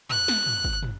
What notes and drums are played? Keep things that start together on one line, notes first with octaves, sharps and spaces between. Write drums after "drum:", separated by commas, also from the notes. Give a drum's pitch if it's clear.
F#6, drum: tom
drum: snare
drum: tom
drum: kick
drum: tom